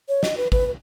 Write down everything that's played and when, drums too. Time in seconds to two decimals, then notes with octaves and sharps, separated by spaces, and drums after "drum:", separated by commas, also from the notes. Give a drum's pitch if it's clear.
0.09 C#5
0.23 D#5, drum: snare
0.37 B4
0.52 B4, drum: kick
0.66 B4